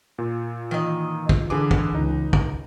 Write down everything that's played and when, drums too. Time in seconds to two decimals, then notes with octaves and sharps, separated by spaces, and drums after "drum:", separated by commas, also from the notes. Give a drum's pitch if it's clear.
0.18 A#2
0.71 D#3 E3 D#5
1.29 drum: kick
1.50 D3 G#4 B4 D6
1.71 drum: kick
1.95 C#2 D#4
2.33 drum: kick